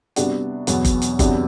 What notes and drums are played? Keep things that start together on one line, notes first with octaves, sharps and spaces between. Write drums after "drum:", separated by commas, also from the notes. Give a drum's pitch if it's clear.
C3 G3 B3 D4 F#4, drum: hi-hat
E2 B2 F#3 B3, drum: hi-hat
drum: kick G1, hi-hat
drum: hi-hat
E2 C3 F#3 B3 D4, drum: kick G1, hi-hat